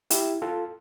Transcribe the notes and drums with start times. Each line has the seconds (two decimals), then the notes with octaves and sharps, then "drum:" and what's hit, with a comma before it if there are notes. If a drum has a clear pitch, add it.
0.10 E4 G4, drum: hi-hat
0.42 F4 A4